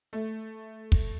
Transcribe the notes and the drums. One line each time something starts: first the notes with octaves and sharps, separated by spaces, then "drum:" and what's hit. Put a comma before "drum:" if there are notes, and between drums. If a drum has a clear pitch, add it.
A3
drum: kick